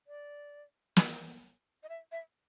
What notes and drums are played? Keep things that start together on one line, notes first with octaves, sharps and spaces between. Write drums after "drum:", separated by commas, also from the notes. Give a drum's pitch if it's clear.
D5
drum: snare
D#5
E5
E5